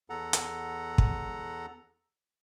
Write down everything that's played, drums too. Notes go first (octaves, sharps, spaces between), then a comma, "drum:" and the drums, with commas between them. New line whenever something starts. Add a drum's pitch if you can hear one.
E2 A4 F#5 A#5
drum: hi-hat
drum: kick